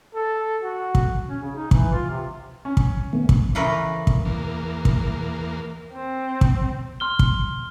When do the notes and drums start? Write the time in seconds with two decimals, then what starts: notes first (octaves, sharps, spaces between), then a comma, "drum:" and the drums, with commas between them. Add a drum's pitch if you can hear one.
0.15 A4
0.63 F#4
0.95 drum: kick
1.29 C#4
1.42 C#3
1.56 D#4
1.71 E3, drum: kick
1.93 F4
2.10 C3
2.65 C#4
2.77 drum: kick
3.13 D#3 A3 B3
3.29 drum: kick
3.55 C#3 E3 A3 A#4 B4
4.07 drum: kick
4.25 E2 A#3
4.85 drum: kick
5.93 C4
6.41 drum: kick
7.00 C6 F6 G7
7.19 drum: kick